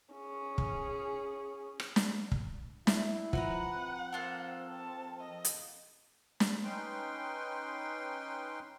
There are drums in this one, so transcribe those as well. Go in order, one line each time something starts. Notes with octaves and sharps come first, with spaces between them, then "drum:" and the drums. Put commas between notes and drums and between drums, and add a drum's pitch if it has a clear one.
C#4 G#4
drum: kick
drum: rim click
drum: snare
drum: kick
E4, drum: snare
F3 F#4 B4 F#5 A#5, drum: kick
C4
A#3 F4 A4
A5
D#5
drum: hi-hat
drum: snare
C#4 D#4 B4 G5 C6